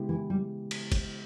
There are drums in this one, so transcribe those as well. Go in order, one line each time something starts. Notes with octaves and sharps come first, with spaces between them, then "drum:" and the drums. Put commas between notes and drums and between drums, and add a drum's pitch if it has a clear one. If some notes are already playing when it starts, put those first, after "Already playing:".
Already playing: C#3 G#3 B3 E4 G4
E3
G3
drum: cymbal
drum: kick F#1, cymbal